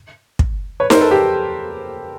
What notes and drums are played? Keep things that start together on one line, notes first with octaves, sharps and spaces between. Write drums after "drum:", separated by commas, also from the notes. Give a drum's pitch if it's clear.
drum: kick
B4 C#5
A#4 C5, drum: snare D#4
A4 B4
G4 A4